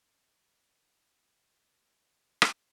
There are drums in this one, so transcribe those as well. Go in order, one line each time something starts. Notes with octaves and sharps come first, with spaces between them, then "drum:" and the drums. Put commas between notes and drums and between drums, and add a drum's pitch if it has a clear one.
E4 F#4 F#5 G#5 A#5 G6
D#2 F3 F#3 G#4 E6
drum: rim click